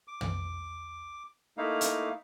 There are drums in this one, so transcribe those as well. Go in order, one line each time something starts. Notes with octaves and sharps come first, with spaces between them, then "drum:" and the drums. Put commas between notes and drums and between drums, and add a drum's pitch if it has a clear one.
D6
drum: tom
A3 A#3 D#4 E4 F5
drum: hi-hat